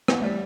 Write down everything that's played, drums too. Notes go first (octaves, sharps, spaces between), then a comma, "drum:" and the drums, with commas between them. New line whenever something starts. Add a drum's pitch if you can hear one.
E3 B3, drum: rim click
G3 A3